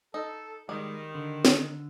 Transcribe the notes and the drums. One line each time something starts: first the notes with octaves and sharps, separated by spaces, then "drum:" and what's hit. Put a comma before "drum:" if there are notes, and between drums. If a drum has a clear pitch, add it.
D#4 A4
D#3 G3 G#3
D3
drum: snare